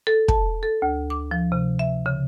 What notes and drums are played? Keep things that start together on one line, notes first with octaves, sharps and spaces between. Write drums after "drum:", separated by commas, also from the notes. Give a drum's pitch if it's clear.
A4
A5, drum: kick
A4
D2
D6
F3
C3
E5
C#3